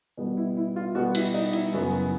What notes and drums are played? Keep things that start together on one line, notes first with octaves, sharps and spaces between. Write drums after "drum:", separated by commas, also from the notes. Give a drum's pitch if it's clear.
B2 G3 B3
E4
E4
F4
B2 G3 B3 F#4
E4, drum: cymbal
D#4
E4, drum: hi-hat
F#2 C#3 F#3 B3